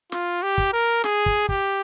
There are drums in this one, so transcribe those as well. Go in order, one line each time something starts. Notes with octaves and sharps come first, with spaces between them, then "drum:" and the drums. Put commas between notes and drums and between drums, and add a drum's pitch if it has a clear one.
F4, drum: snare
G4
drum: kick
A#4
G#4, drum: snare
drum: kick
G4, drum: kick